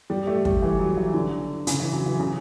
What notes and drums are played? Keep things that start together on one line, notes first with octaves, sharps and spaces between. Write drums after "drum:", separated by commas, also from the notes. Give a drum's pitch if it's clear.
G3
A3
G3, drum: kick
E3
F#3
E3
D3
C#3, drum: hi-hat
E3
F#3
E3
C#3